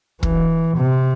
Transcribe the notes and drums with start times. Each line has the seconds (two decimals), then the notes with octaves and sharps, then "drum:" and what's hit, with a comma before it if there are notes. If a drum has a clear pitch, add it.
0.23 E3, drum: kick
0.77 C3